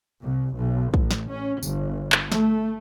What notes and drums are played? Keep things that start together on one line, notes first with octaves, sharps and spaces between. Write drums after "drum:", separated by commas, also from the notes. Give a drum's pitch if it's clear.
C2
B1
A1, drum: kick
drum: snare
C#4
G1, drum: tambourine
drum: clap
A3, drum: snare